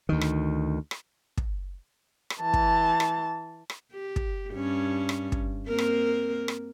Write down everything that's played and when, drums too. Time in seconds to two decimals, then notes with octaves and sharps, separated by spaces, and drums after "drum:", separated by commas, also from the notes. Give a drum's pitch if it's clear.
0.09 D2 D#3
0.21 drum: rim click
0.91 drum: rim click
1.37 drum: kick
2.30 drum: rim click
2.41 E3 A5
2.54 drum: kick
3.00 drum: rim click
3.70 drum: rim click
3.93 G4
4.16 drum: kick
4.53 G2 C#4
5.09 drum: rim click
5.32 drum: kick
5.68 A#3 C4 A#4
5.78 drum: rim click
6.48 drum: rim click